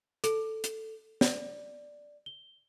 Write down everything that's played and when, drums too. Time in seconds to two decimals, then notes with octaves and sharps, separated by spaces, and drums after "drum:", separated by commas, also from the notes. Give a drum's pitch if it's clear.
0.24 A4, drum: hi-hat
0.64 drum: hi-hat
1.21 D5, drum: snare
2.26 G7